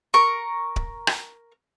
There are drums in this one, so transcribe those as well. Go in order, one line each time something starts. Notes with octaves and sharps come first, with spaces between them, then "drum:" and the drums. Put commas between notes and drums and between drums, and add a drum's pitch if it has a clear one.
A#4 C#6
drum: kick D1
drum: rim click